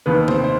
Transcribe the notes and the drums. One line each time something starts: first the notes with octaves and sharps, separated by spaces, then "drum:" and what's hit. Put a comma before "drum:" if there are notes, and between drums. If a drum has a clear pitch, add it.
D#2 D#3 B3 B4
C4 C5, drum: tom C3
C5